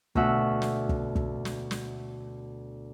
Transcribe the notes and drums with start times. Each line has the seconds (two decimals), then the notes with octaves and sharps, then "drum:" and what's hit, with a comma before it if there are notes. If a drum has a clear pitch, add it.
0.15 D2 B2 E5 F#5, drum: kick
0.62 drum: snare
0.89 drum: kick
1.16 drum: kick
1.45 drum: snare
1.71 drum: snare